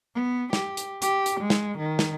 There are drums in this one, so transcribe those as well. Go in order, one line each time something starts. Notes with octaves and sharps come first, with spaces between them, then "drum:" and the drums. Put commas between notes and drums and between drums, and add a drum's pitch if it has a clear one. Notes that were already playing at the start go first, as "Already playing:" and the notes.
B3
G4, drum: snare
drum: hi-hat
G4, drum: hi-hat
drum: hi-hat
G#3
drum: snare
D#3
drum: snare